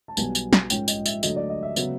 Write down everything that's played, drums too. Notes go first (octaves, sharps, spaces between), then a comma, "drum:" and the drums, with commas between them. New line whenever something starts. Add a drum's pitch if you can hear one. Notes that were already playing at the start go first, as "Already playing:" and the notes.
A5
B1 B2 G3 B3 G#5, drum: tambourine
drum: tambourine
drum: snare
A#1 G#2 F3 A#3 C#4 G5, drum: tambourine
D#5, drum: tambourine
E5, drum: tambourine
D2 D3 F#3 A3 D#5, drum: tambourine
D5
D#5
E5
C#3 F#3 B3, drum: tambourine